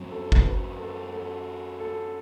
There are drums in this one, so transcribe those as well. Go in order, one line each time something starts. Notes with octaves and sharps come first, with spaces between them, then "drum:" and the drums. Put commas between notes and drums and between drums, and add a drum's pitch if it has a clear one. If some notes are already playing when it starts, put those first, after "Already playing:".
Already playing: F#2 F#3 C4
A4
drum: kick
B4
A4
A4
A4